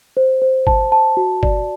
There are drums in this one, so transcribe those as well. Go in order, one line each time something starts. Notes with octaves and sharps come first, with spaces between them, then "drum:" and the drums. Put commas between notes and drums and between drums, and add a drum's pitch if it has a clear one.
C5
C5
A5, drum: kick G1
A5
F#4
D5, drum: kick G1